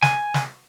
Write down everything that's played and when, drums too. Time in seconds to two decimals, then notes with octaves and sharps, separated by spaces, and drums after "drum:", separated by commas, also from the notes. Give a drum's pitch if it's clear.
0.03 G#5, drum: snare
0.34 drum: snare